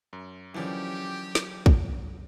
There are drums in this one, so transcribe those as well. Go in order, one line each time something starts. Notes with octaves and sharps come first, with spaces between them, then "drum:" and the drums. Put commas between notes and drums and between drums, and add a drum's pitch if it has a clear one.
F#2
F#2 D3 E3 F3 C#4 G4
drum: snare
drum: kick